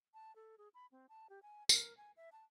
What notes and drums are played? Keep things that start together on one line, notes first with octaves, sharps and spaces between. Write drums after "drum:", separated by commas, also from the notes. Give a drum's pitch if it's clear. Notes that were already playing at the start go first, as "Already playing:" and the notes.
A5
A4
G#4
B5
C4
A5
G4
G#5
A#4, drum: tambourine
G#5
E5
A5